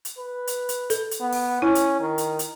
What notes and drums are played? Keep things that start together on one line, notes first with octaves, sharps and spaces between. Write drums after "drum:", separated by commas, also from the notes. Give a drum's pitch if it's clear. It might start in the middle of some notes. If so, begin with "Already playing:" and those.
drum: hi-hat
B4
drum: hi-hat
drum: hi-hat
A4, drum: hi-hat
drum: hi-hat
B3
drum: open hi-hat
C#4 E4
drum: hi-hat
D#3
drum: hi-hat
drum: hi-hat